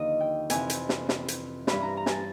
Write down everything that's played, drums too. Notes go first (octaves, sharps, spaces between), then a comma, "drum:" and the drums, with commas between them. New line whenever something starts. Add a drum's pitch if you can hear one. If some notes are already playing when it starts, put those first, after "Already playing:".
Already playing: D#2 D3 F3 D#5
G5
F2 C3 E3 G#5, drum: hi-hat
drum: hi-hat
drum: snare
drum: snare
drum: hi-hat
G2 E3 B5, drum: snare
A#5
A#5
G#5, drum: snare
A5